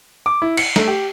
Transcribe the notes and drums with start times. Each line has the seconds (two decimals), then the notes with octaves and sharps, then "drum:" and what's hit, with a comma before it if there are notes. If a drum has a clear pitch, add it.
0.26 D6
0.42 E4
0.57 C#7, drum: cymbal
0.76 A3, drum: snare
0.88 G4